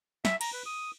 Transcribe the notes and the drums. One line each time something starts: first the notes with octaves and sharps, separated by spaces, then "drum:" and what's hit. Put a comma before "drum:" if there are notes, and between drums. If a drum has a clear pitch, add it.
E5, drum: snare
A#5, drum: cymbal
B4
D#6